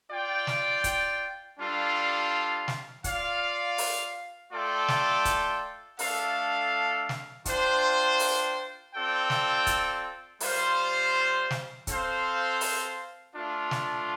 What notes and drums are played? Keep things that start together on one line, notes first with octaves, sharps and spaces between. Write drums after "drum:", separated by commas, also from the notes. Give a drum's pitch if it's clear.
F4 D5 G5
drum: snare
drum: kick, hi-hat
G3 D4 F4 A4 F5
drum: snare
F4 D5 F5, drum: kick, hi-hat
drum: open hi-hat
A3 F4 A4 D5 G5
drum: snare
drum: kick, hi-hat
A3 D4 A4 F5, drum: open hi-hat
drum: snare
D4 F4 C5 G5, drum: kick, hi-hat
drum: open hi-hat
C4 F4 A4 D5 G5
drum: snare
drum: kick, hi-hat
G3 F4 C5 F5, drum: open hi-hat
drum: snare
C4 A4 C5 F5, drum: kick, hi-hat
drum: open hi-hat
A3 D4 F4
drum: snare